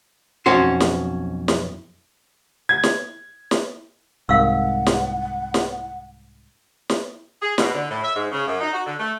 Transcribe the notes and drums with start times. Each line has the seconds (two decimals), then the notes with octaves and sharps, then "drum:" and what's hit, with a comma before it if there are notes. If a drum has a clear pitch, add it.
0.46 B1 F2 C#4 F#4 C6
0.80 drum: snare
1.48 drum: snare
2.69 G#6
2.83 drum: snare
3.51 drum: snare
4.29 C2 G#2 A#4 F5 F#5 E6
4.86 drum: snare
5.54 drum: snare
6.89 drum: snare
7.42 G#4
7.58 B2, drum: snare
7.74 D3
7.90 A2
8.03 E5
8.15 G#2
8.30 C#3
8.47 F#2
8.60 D#4
8.73 F#4
8.86 D3
8.98 A3